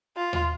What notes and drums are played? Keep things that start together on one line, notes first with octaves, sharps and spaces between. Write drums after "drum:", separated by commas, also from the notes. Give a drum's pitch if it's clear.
F4
drum: tom D#2